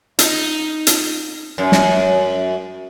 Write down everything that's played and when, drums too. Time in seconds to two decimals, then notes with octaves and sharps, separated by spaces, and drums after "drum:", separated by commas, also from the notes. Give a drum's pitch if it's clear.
0.19 D#4, drum: hi-hat
0.87 drum: hi-hat
1.58 F#2
1.72 drum: snare